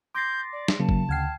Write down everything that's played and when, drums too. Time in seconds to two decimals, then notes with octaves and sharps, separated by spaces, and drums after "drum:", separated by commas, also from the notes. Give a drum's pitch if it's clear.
0.15 C6 D6 G6 A6 A#6 C7
0.52 D5
0.68 drum: snare
0.80 C#3 F#3 A#3 A5
0.89 drum: kick G1
1.09 D2 F#5 G5 F6 G#6 C7